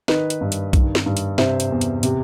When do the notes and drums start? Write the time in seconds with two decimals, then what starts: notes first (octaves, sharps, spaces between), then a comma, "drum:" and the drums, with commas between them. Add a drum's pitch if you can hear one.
0.08 D#3 B4 D#5, drum: snare
0.30 drum: hi-hat
0.41 G2
0.52 drum: hi-hat
0.73 D#3, drum: kick B1, hi-hat
0.95 drum: snare
1.06 G2
1.17 drum: hi-hat
1.38 C3 C5 E5, drum: snare
1.60 drum: hi-hat
1.71 E2
1.81 drum: hi-hat
2.03 C3, drum: hi-hat